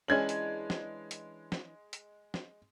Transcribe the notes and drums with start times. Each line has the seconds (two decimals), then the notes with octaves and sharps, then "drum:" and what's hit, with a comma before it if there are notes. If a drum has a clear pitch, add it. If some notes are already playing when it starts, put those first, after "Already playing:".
0.08 E3 G#3 C#4 D4 G#6 F#7
0.29 drum: hi-hat
0.70 drum: snare
1.11 drum: hi-hat
1.52 drum: snare
1.93 drum: hi-hat
2.34 drum: snare